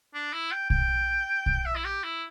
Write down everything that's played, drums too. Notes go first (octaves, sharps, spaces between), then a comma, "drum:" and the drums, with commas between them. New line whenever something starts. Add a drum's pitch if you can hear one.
D4
E4
G5
G5, drum: kick
drum: kick
E5
E4
G4
E4